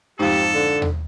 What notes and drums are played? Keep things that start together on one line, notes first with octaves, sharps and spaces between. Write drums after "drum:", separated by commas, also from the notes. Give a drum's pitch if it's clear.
F2 G#2 G4 A4
D3
drum: tom D#2